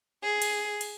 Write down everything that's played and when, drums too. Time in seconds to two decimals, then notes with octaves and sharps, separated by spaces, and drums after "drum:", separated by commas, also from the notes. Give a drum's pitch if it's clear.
0.22 G#4
0.42 drum: cymbal
0.81 drum: cymbal